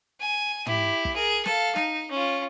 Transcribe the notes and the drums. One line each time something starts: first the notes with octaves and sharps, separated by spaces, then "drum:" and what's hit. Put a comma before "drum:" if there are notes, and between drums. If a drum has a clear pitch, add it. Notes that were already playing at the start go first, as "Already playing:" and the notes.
G#5
E4 G4, drum: tom
drum: kick
G#4 A#4
A4 F5, drum: snare
D#4, drum: snare
C#4 F4